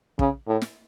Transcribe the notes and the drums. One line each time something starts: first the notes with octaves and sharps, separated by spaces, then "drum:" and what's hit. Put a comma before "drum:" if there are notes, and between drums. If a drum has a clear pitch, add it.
C#3, drum: kick
A2
drum: snare